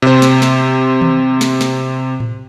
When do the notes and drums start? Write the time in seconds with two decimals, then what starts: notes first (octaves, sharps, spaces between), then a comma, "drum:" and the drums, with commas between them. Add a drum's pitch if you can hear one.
0.02 C3 C5
0.22 drum: snare
0.42 drum: snare
1.01 drum: tom D#3
1.41 drum: snare
1.61 drum: snare
2.20 drum: tom A2